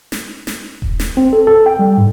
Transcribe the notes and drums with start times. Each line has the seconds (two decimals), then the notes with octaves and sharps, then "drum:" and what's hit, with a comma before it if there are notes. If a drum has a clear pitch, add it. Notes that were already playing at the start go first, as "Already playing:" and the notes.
0.12 drum: snare
0.47 drum: snare
0.82 drum: kick D#1
1.00 drum: snare
1.17 C4
1.33 A4
1.47 A4
1.66 G5
1.79 G3
1.98 G#2